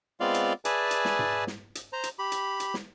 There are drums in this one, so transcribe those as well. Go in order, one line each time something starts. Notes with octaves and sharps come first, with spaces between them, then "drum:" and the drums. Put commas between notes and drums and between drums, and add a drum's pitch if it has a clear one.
G#3 B3 C4 F4 D5 F5
drum: hi-hat
G#4 B4 D5 E5 G#5 A5, drum: hi-hat
drum: hi-hat
drum: snare
drum: tom G#2
drum: snare
drum: hi-hat
C5 A#5
drum: hi-hat
G4 B5
drum: hi-hat
drum: hi-hat
drum: snare